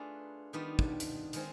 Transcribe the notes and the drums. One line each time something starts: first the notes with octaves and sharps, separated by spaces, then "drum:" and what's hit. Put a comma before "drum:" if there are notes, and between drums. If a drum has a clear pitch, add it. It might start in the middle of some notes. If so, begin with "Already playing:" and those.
Already playing: A3 D4 F4 G#4 B4
D#3 G3 B3 D4 F4
drum: kick
drum: hi-hat
D#3 G#3 C4 F4 G#4, drum: hi-hat